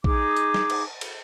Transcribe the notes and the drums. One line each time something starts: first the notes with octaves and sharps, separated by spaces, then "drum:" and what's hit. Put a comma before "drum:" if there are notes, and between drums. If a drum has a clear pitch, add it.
D#4 G#4 D6, drum: kick
drum: hi-hat
drum: snare
drum: cymbal
drum: cymbal